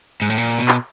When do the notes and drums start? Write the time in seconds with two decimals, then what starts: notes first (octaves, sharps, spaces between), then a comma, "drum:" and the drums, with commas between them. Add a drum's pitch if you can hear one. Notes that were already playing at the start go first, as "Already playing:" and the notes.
0.22 G#2
0.30 A2
0.38 A#2
0.59 B2
0.68 drum: clap